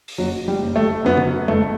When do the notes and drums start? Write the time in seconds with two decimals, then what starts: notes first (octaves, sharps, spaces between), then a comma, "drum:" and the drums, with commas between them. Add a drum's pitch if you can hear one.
0.08 drum: open hi-hat
0.18 F#1 F#3
0.48 G3
0.62 F#1
0.76 A3
1.05 F#2 B3
1.17 drum: tom C#3
1.48 F#1 A3, drum: tom G#3